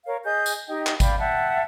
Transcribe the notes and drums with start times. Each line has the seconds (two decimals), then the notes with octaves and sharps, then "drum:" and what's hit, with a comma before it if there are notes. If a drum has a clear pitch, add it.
0.06 A#4 C#5 F5
0.24 G#4 D#5 G6
0.46 drum: tambourine
0.68 D#4 G4 D#5 G5
0.87 drum: clap
1.00 D5 F5 G5 B5, drum: kick G#1, tambourine
1.20 E5 F#5 G5 A5